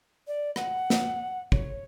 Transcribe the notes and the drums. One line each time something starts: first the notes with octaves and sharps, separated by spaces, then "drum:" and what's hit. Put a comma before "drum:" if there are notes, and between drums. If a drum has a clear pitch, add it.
D5
F#5, drum: rim click
drum: snare
C#5, drum: kick